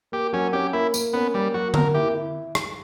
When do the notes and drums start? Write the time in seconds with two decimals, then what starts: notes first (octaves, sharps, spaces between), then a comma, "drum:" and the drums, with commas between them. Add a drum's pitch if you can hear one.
0.12 A#3 G4
0.33 F#3 C#4
0.53 C#4 G4
0.73 A#3 E4
0.94 A#3, drum: tambourine
1.13 B3 C#4
1.34 G3 A#3
1.54 F#3 F#4
1.74 A#3 A#4, drum: tom D3
1.94 E4 G4
2.15 E4
2.55 drum: rim click